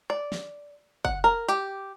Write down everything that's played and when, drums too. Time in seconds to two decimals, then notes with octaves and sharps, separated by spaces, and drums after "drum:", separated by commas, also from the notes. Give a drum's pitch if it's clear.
0.10 D5
0.32 drum: snare
1.05 F#5, drum: kick
1.24 A#4
1.49 G4, drum: hi-hat